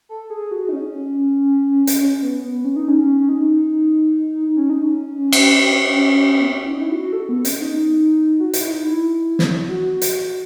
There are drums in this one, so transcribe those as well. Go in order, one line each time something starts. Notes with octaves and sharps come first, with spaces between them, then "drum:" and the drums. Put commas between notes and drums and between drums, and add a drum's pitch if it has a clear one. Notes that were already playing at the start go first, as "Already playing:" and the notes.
A4
G#4
F#4
D#4
C#4
drum: hi-hat
C#4
B3
B3
C#4
D#4
C#4
C#4
D#4
C#4
D#4
C#4
drum: cymbal
B3
C#4
E4
D#4
E4
F#4
A4
B3
C#4, drum: hi-hat
D#4
F#4
E4, drum: hi-hat
D#4
E4
drum: snare
F#4
drum: hi-hat